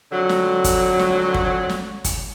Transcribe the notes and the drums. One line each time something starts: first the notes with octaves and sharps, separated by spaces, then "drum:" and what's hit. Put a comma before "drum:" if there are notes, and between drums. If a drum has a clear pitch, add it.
F2 D3 F#3
drum: snare
drum: kick, hi-hat
drum: snare
drum: kick
drum: snare
drum: kick, hi-hat